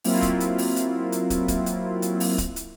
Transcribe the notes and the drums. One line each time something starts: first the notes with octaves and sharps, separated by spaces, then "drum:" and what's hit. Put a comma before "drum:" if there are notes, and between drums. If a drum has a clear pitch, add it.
F#3 A#3 C4 E4 F4, drum: open hi-hat
drum: kick, hi-hat
drum: hi-hat
drum: open hi-hat
drum: hi-hat
drum: hi-hat
drum: kick, hi-hat
drum: kick, hi-hat
drum: hi-hat
drum: hi-hat
drum: open hi-hat
drum: kick, hi-hat
drum: hi-hat